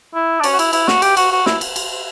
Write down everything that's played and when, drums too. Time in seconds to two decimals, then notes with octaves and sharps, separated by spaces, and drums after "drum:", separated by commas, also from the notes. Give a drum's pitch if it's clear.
0.14 E4
0.40 D4
0.44 C#4, drum: cymbal
0.54 F#4
0.59 E4, drum: cymbal
0.73 E4, drum: cymbal
0.88 F#4, drum: snare
1.02 G4, drum: cymbal
1.17 F#4, drum: cymbal
1.32 F#4
1.46 E4, drum: snare
1.61 drum: cymbal
1.76 drum: cymbal